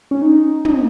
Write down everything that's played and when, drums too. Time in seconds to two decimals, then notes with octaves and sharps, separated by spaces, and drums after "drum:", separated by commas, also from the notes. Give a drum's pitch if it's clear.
0.11 C#4
0.22 D#4
0.65 drum: tom